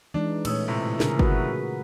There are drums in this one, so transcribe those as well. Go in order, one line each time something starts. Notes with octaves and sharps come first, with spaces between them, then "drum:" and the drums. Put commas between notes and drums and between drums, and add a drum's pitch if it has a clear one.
E3 G#3 D4 D#4
A#2 A3 C#4 D#6 E6, drum: cymbal
A2 C3 E3
C#3 G#4 A#4, drum: snare
F#4 B4, drum: kick G1